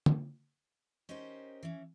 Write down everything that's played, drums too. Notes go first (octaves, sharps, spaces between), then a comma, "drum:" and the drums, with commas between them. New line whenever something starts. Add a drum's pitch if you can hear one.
drum: tom
C#4 D#4 G4 A#4 C5
E3 C#4